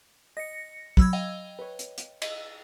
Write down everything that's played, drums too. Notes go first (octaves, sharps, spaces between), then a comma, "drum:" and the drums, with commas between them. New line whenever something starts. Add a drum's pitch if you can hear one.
D#5 A#6 C#7
F#3 B5 E6 G#6, drum: kick
D#5 F5 G5 A#6
B4 C#5
drum: hi-hat
drum: hi-hat
D#5, drum: cymbal